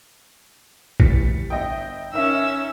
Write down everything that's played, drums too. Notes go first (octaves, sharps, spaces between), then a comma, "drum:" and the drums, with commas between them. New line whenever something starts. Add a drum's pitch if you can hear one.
A2 E3 G3 A6 B6 C#7, drum: kick A#1
G1 D#5 E5 G5 D#6
C#4 D#4 A#4 E5 E6